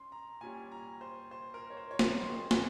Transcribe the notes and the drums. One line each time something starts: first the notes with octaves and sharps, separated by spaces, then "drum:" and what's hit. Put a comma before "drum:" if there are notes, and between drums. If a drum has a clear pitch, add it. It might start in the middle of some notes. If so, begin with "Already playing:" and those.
Already playing: C#4 C6
A#5
A#2 G3 C#4 G#5
A#5
C5
C5
A#4
C#5
C5
C#5
C5, drum: snare
A#2 F3 G#3 C4 C5
G#5, drum: snare